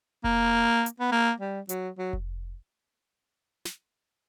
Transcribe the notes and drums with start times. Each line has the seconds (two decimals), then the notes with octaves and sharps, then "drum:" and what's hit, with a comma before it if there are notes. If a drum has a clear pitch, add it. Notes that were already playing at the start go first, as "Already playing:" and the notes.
0.24 A#3, drum: kick F1
0.86 drum: hi-hat
1.00 B3
1.12 A#3
1.40 G3
1.69 F#3, drum: hi-hat
1.99 F#3
2.13 drum: kick F1
3.65 drum: snare